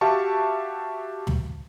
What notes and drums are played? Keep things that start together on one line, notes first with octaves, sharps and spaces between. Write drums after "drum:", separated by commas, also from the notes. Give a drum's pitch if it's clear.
F#4 G4 E5 F5 A5 C#6
drum: tom